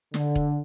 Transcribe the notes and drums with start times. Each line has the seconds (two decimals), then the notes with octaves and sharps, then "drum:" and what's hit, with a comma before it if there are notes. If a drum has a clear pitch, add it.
0.14 D3, drum: snare
0.35 drum: kick E1